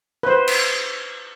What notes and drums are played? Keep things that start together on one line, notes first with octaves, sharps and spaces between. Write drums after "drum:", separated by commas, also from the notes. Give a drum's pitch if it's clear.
B4 C5
drum: cymbal